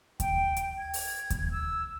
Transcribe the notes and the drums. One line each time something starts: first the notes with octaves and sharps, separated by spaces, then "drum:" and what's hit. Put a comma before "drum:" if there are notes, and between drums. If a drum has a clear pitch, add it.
G5, drum: kick D#2, hi-hat
drum: hi-hat
G#6
drum: open hi-hat
drum: kick D#2, hi-hat
E6